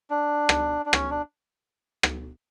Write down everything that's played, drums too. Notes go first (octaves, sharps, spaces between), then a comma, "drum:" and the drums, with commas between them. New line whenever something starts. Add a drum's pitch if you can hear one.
D4
drum: rim click
D4
C#4, drum: rim click
D4
drum: rim click